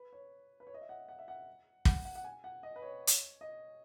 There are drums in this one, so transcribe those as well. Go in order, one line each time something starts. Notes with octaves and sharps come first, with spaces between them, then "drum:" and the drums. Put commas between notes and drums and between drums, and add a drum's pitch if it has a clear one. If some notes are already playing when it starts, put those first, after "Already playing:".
Already playing: B4
C#5
B4
C#5
D#5
E5
F#5
F#5
E5
F#5
F#5, drum: kick
F#5
F#5
G#5
F#5
D#5
B4
C#5
drum: hi-hat
D#5